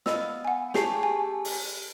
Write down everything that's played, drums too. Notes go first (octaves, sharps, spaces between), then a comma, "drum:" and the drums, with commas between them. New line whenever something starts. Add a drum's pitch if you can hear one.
B3 D#5 F5 E6, drum: snare
F#5 G#5
A3 C#4 G4 G#4 C7, drum: snare
G#5
drum: open hi-hat